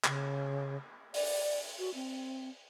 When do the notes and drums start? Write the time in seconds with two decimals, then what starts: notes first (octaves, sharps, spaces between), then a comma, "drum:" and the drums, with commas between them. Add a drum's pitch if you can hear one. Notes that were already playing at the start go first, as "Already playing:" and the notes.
0.04 C#3, drum: clap
1.14 D5, drum: open hi-hat
1.79 F#4
1.94 C4